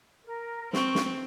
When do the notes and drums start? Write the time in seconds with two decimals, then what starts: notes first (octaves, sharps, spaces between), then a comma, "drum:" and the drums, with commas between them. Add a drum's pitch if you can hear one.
0.25 A#4
0.73 C4 C#6, drum: snare
0.95 drum: snare